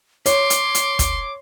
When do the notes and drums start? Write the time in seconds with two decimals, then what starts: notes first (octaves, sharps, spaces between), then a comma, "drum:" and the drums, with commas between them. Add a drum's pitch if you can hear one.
0.26 C#5 C6 D6, drum: hi-hat
0.50 drum: hi-hat
0.75 drum: hi-hat
0.99 drum: kick, hi-hat